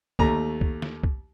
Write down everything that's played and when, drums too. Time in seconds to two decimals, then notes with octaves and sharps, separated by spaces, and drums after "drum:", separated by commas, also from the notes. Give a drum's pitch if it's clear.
0.19 D#2 A3 A#5, drum: kick
0.61 drum: kick
0.82 drum: snare
1.04 drum: kick